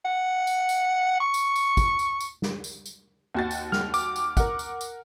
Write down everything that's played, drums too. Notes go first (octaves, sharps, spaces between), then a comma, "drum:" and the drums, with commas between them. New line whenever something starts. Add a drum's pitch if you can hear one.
F#5
drum: tambourine
drum: tambourine
C#6
drum: tambourine
drum: tambourine
drum: kick, tambourine
drum: tambourine
drum: tambourine
drum: snare
drum: tambourine
drum: tambourine
D#2 F#4 A6
drum: tambourine
F6, drum: snare
D6, drum: tambourine
drum: tambourine
A#4 F#5, drum: kick, tambourine
drum: tambourine
drum: tambourine